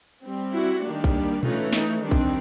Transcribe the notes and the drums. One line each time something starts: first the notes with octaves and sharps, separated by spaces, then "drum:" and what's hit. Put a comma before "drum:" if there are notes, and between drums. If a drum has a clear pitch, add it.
G3 C4
E4 F#4
D#3 G3 A#3 D4
drum: kick A#1
E3 A3 C#4 D#4 F4, drum: tom A#2
D#4, drum: snare
D#3 G3 C4 D4
drum: kick A#1